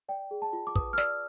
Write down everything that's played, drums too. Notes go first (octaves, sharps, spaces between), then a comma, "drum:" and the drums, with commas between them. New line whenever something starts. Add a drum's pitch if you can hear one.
D5 G5
G#4
A5
F4
D6
B4 D#6, drum: kick
F6
D5 E6, drum: snare